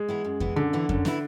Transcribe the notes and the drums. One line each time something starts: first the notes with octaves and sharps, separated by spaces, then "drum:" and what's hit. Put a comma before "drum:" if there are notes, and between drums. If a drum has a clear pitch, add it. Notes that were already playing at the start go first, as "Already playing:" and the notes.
Already playing: G#3
E3 B3 E4
F#2
E3 B3 E4, drum: kick F2
F#2 D3
E3 B3 E4
F#2, drum: kick F2
E3 B3 E4, drum: snare